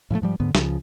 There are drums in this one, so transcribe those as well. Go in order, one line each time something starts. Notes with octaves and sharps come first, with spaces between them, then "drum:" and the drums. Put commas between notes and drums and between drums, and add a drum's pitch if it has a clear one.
A2 F3 G#3 A3
G#2 F3 G3
D2 G#2 D3 B3
C#2 C#3 F3, drum: snare